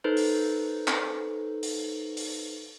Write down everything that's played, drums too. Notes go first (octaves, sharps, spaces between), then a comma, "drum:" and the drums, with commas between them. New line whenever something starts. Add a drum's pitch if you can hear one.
D#4 A4 B4 C5
drum: open hi-hat
drum: clap
drum: open hi-hat
drum: open hi-hat